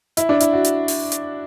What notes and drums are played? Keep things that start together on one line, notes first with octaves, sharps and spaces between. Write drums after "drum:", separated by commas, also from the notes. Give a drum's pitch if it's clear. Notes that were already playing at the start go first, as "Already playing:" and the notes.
E4, drum: hi-hat
D4
E4, drum: hi-hat
F#4
drum: hi-hat
drum: open hi-hat
drum: hi-hat